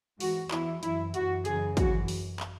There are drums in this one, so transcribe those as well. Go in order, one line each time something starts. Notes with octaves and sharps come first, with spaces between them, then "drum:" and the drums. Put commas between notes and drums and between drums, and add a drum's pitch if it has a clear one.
G#2 E3 F#4, drum: open hi-hat
E2 E3 E4, drum: clap
F#2 E3 E4, drum: hi-hat
F#2 E3 F#4, drum: hi-hat
F#2 C#3 E3 G#4, drum: hi-hat
F#2 E3 F#4, drum: kick, hi-hat
drum: open hi-hat
drum: clap